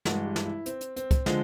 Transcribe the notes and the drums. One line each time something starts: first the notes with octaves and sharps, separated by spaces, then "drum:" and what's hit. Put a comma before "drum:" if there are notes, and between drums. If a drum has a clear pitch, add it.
G2 E3 G#3 F#4, drum: snare
G4
drum: snare
E4
C4, drum: hi-hat
drum: hi-hat
C4, drum: hi-hat
drum: kick, hi-hat
D3 F3 G#3, drum: snare